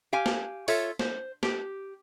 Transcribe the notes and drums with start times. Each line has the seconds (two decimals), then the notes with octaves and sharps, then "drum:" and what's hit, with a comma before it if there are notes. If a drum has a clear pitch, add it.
0.13 G4 F5 G#5
0.26 drum: snare
0.68 F4 A4 C#5 E5, drum: open hi-hat
0.99 C5, drum: snare
1.43 G4, drum: snare